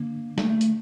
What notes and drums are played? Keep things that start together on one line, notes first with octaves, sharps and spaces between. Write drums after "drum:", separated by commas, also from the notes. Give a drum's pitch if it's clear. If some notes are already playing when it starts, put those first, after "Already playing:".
Already playing: D3 A#3 D4
A3, drum: snare
drum: hi-hat